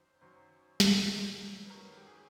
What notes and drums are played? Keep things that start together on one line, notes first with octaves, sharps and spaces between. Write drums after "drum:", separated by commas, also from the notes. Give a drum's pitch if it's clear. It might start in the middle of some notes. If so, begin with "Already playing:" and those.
Already playing: F#2 D#3 F#3 C5
F#2 D#3 F#3 C5
drum: snare
F#2 D#3 F#3
B4
F#2 D#3 F#3 A#4
G4
G#4